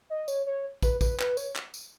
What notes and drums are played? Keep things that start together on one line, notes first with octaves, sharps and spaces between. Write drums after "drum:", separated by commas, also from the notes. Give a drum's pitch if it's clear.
D#5
C#5, drum: tambourine
C#5
B4, drum: kick, tambourine
B4, drum: kick, tambourine
B4, drum: clap
C#5, drum: tambourine
drum: clap
drum: tambourine